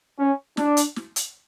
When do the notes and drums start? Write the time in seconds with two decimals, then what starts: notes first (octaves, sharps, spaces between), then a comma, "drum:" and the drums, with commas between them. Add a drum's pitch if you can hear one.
0.18 C#4
0.57 D4, drum: snare
0.77 drum: hi-hat
0.96 drum: snare
1.16 drum: hi-hat